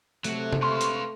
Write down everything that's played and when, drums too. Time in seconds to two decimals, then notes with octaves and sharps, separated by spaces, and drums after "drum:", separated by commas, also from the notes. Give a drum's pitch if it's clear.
0.24 C3 F#3 A3 F#4, drum: hi-hat
0.53 drum: tom C3
0.62 B4 F5 C6 C#6
0.81 drum: hi-hat